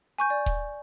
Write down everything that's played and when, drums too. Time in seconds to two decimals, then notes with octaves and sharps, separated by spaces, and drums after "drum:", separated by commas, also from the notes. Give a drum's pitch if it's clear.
0.18 G#5 C#6 G6
0.30 D5
0.46 drum: kick D#1